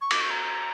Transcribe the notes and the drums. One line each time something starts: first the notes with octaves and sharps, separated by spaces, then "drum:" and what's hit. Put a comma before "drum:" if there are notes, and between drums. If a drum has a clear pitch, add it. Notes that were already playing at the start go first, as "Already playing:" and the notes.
C#6
D6, drum: cymbal
C#6
A#5